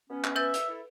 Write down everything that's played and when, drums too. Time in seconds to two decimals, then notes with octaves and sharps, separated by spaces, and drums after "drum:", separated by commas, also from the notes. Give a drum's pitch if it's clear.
0.10 B3 C#4
0.24 drum: clap
0.36 B4 E5 G6 A6
0.54 drum: hi-hat
0.68 E4 A4